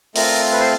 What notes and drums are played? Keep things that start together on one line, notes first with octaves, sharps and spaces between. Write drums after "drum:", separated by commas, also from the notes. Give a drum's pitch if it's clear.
A3 C4 F4 A#4, drum: open hi-hat
B4
C5